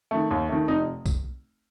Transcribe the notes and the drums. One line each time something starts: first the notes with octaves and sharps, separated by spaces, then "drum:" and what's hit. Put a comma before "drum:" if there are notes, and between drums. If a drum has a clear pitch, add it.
D#3 A3
D#2
D#3 A3
F1 D#4
drum: kick B1, tambourine